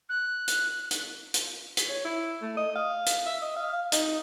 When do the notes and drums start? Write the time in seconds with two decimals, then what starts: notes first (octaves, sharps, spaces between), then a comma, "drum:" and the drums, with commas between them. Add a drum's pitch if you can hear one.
0.09 F#6
0.48 drum: hi-hat
0.91 drum: hi-hat
1.34 drum: hi-hat
1.77 drum: hi-hat
1.89 C#5
2.05 E4
2.42 A3
2.57 D#5
2.75 F5
3.06 drum: hi-hat
3.26 E5
3.42 D#5
3.56 F5
3.92 D#4, drum: hi-hat